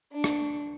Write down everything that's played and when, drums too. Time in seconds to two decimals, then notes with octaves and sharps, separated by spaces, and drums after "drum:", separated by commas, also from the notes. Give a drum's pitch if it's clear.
0.12 D4
0.24 drum: rim click